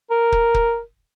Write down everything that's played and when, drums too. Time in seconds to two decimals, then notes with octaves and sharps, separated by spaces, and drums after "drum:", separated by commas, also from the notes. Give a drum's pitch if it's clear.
0.10 A#4
0.32 drum: kick
0.54 drum: kick